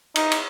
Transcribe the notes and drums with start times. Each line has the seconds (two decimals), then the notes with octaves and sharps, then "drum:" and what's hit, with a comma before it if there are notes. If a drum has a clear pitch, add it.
0.16 D#4, drum: cymbal
0.32 drum: cymbal